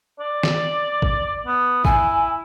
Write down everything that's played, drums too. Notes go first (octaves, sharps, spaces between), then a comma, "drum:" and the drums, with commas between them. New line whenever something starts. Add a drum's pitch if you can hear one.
D5
drum: snare
drum: kick
B3
E4 G#5, drum: kick